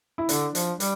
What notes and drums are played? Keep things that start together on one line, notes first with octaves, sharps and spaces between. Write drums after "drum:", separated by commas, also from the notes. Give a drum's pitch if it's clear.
E4
D3 D4, drum: hi-hat
F3, drum: hi-hat
G3, drum: hi-hat